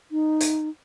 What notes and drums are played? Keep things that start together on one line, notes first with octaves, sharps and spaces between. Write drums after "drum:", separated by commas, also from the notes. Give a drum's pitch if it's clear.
D#4
drum: hi-hat